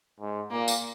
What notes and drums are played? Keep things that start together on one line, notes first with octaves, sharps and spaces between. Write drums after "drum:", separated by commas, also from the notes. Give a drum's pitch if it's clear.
G#2
A#2 A#3
drum: tambourine